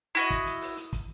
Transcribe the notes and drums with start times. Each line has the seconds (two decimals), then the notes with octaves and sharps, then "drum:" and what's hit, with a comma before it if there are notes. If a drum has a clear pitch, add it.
0.15 E4 F#4 D#5
0.30 drum: kick, hi-hat
0.46 drum: hi-hat
0.62 drum: open hi-hat
0.77 drum: hi-hat
0.93 drum: kick, hi-hat